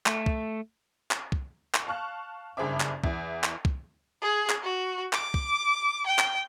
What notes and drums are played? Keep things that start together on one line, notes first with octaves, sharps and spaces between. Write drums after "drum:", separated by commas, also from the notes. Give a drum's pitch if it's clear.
A3, drum: clap
drum: kick
drum: clap
drum: kick
drum: clap
F5 A5 C#6 F6 F#6
F#1 G2 G#4 C5 E5 D6
drum: clap
E2 E4, drum: kick
drum: clap
drum: kick
G#4
drum: clap
F#4
D6, drum: clap
drum: kick
G5
drum: clap